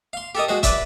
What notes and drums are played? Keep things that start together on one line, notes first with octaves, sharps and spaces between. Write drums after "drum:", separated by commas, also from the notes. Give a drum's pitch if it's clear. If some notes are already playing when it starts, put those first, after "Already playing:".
F5 C6
G4 A4 A#4 D#5
G#3 F#4 C5
B4 D5 E5, drum: kick, hi-hat